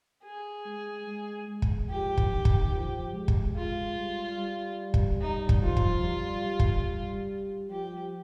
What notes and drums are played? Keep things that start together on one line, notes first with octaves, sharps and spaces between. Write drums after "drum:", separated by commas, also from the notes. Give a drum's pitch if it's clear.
G#4
G#3
G#3
G#3
drum: kick
F3 G4
drum: kick
D#3
drum: kick
F3
G#3
drum: kick
G#3 F4
G3
G3
drum: kick
G3 D#4
drum: kick
F3 F4
drum: kick
G3
G3
drum: kick
G3
F3 G4